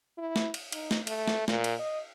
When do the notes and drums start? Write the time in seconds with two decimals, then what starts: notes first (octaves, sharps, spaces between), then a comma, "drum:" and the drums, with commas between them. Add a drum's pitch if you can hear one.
0.18 E4
0.36 drum: snare
0.54 drum: cymbal
0.72 D#4, drum: cymbal
0.91 drum: snare
1.07 A3, drum: cymbal
1.28 drum: snare
1.48 A#2, drum: snare
1.64 drum: cymbal
1.79 D#5